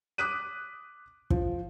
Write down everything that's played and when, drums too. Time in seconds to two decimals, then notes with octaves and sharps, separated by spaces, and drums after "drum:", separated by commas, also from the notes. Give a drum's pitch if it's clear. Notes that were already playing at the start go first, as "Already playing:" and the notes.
0.18 D6 D#6 F#6 B6 D#7
1.30 F3, drum: kick